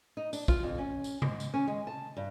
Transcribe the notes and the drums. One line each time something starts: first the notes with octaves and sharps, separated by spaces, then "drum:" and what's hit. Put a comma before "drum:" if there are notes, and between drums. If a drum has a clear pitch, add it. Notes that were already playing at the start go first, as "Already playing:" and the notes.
D#4
D4, drum: tambourine
F4, drum: kick, tambourine
F2
C#4
drum: tambourine
G#2, drum: tom C3
drum: tambourine
C#4
G#3
A5
G2